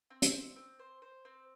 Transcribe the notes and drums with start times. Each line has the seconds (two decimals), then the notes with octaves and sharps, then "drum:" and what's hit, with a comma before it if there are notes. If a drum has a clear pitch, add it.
0.10 C4
0.22 drum: hi-hat
0.33 C4
0.56 C4
0.79 C5
1.02 C5
1.25 C4